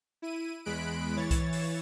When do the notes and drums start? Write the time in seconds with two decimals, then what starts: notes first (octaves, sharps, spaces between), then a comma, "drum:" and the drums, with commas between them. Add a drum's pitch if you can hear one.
0.22 E4 D#7
0.65 E2 G#3 B5 F#6 D7
1.16 E3 C#5 A6
1.31 drum: kick C2, hi-hat
1.53 drum: open hi-hat